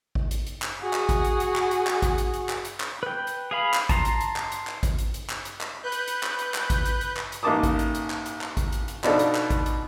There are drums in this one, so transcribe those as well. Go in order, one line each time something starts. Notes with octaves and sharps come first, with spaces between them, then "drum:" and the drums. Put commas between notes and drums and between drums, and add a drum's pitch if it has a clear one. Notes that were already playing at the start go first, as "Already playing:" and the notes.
drum: kick G#1
drum: hi-hat
drum: hi-hat
drum: clap
F#4 G#4
drum: clap
drum: kick G#1, hi-hat
drum: hi-hat
drum: hi-hat
drum: clap
drum: hi-hat
drum: clap
drum: kick G#1, hi-hat
drum: hi-hat
drum: hi-hat
drum: clap
drum: hi-hat
drum: clap
B4 G5
drum: hi-hat
G#4 F5 B5
drum: clap
A5 A#5 C6, drum: kick G#1, hi-hat
drum: hi-hat
drum: hi-hat
drum: clap
drum: hi-hat
drum: clap
drum: kick G#1, hi-hat
drum: hi-hat
drum: hi-hat
drum: clap
drum: hi-hat
drum: clap
B4 F#6 G6
drum: hi-hat
drum: hi-hat
drum: clap
drum: hi-hat
drum: clap
drum: kick G#1, hi-hat
drum: hi-hat
drum: hi-hat
drum: clap
drum: hi-hat
A1 A#3 D#4 A5 D6 D#6
drum: kick G#1, hi-hat
drum: hi-hat
drum: hi-hat
drum: clap
drum: hi-hat
drum: clap
drum: kick G#1, hi-hat
drum: hi-hat
drum: hi-hat
B2 F3 D4 D#4 F4 A4, drum: clap
drum: hi-hat
drum: clap
drum: kick G#1, hi-hat
drum: hi-hat